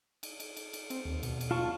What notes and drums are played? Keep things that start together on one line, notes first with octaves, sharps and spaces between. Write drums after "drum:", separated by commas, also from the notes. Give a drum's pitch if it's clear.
drum: cymbal
drum: cymbal
drum: cymbal
drum: cymbal
C4, drum: cymbal
D#2
B2, drum: cymbal
drum: cymbal
F4 A5 C#6